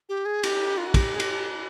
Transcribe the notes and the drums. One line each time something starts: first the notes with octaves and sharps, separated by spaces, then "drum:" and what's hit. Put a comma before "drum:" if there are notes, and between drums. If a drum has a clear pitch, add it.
G4
G#4
G4, drum: cymbal
F4
F#4
G4, drum: kick, cymbal
G#4
G4, drum: cymbal